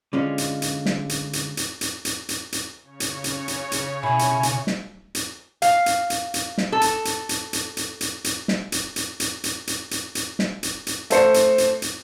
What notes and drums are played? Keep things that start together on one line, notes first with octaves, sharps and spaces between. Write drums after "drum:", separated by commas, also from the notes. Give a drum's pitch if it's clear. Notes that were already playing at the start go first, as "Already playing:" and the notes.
D3 G#3 C#4 F4
drum: hi-hat
drum: hi-hat
drum: snare
drum: hi-hat
drum: hi-hat
drum: hi-hat
drum: hi-hat
drum: hi-hat
drum: hi-hat
drum: hi-hat
C#3 C#5
drum: hi-hat
drum: hi-hat
drum: hi-hat
drum: hi-hat
B2 E4 G#5
drum: hi-hat
drum: hi-hat
drum: snare
drum: hi-hat
F5, drum: hi-hat
drum: hi-hat
drum: hi-hat
drum: hi-hat
drum: snare
A4
drum: hi-hat
drum: hi-hat
drum: hi-hat
drum: hi-hat
drum: hi-hat
drum: hi-hat
drum: hi-hat
drum: snare
drum: hi-hat
drum: hi-hat
drum: hi-hat
drum: hi-hat
drum: hi-hat
drum: hi-hat
drum: hi-hat
drum: snare
drum: hi-hat
drum: hi-hat
A3 C5 C#7, drum: hi-hat
drum: hi-hat
drum: hi-hat
drum: hi-hat